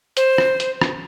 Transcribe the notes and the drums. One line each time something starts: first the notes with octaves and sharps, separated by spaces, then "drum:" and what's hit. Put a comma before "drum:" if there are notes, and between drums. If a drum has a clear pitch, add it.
C5, drum: hi-hat
drum: rim click
drum: hi-hat
drum: rim click